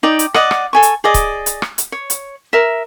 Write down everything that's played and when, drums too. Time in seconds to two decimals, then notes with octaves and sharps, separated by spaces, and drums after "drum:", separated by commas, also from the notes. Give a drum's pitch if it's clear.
0.03 D#4 D5 G5
0.19 drum: hi-hat
0.34 D5 D#5 F#5, drum: rim click
0.51 drum: rim click
0.73 A4 G#5 C#6
0.83 drum: hi-hat
1.04 G#4 D5 D#5
1.14 drum: kick C#1, hi-hat
1.46 drum: hi-hat
1.62 drum: rim click
1.78 drum: hi-hat
1.92 C#5
2.10 drum: hi-hat
2.53 A#4 E5